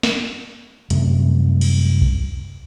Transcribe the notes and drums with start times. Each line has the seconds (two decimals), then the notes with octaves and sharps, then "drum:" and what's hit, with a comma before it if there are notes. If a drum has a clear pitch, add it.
0.03 drum: snare
0.90 F#2 C3 G3 A3, drum: hi-hat
1.61 drum: cymbal
2.01 drum: kick B1